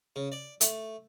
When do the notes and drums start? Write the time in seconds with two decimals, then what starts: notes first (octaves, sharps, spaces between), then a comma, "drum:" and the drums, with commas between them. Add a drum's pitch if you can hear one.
0.16 C#3
0.32 D5
0.61 A3, drum: hi-hat